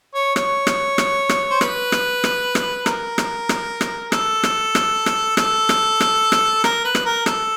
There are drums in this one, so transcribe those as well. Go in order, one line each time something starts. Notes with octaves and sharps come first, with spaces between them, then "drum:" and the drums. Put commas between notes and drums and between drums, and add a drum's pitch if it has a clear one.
C#5
C#5, drum: rim click
drum: rim click
drum: rim click
drum: rim click
C5
B4, drum: rim click
drum: rim click
drum: rim click
drum: rim click
A#4, drum: rim click
drum: rim click
drum: rim click
drum: rim click
A4, drum: rim click
drum: rim click
drum: rim click
drum: rim click
A4, drum: rim click
drum: rim click
drum: rim click
drum: rim click
A#4, drum: rim click
B4
drum: rim click
A#4
A4, drum: rim click